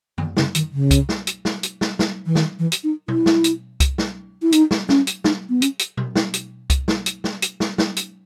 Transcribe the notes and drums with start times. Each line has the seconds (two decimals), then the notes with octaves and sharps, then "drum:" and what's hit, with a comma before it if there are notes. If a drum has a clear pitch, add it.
0.18 D#3, drum: tom F#2
0.37 C#3, drum: snare
0.55 D#3, drum: hi-hat
0.72 C#3
0.91 drum: kick C2, hi-hat
1.09 drum: snare
1.27 drum: hi-hat
1.45 drum: snare
1.63 drum: hi-hat
1.81 drum: snare
1.99 drum: snare
2.26 E3
2.35 D#3, drum: snare
2.59 E3
2.72 drum: hi-hat
2.84 D#4
3.08 E4, drum: tom B2
3.26 drum: snare
3.44 drum: hi-hat
3.80 drum: kick C2, hi-hat
3.98 drum: snare
4.42 E4
4.52 D#4, drum: hi-hat
4.71 drum: snare
4.89 C#4, drum: snare
5.07 drum: hi-hat
5.24 D#4, drum: snare
5.49 B3
5.62 C#4, drum: hi-hat
5.79 drum: hi-hat
5.97 drum: tom B2
6.15 drum: snare
6.34 drum: hi-hat
6.70 drum: kick C2, hi-hat
6.88 drum: snare
7.06 drum: hi-hat
7.24 drum: snare
7.42 drum: hi-hat
7.60 drum: snare
7.78 drum: snare
7.96 drum: hi-hat